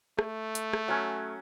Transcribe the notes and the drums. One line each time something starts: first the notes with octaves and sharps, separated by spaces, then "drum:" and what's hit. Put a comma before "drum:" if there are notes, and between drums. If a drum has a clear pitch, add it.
A3, drum: rim click
drum: hi-hat
drum: rim click
F#3 C#4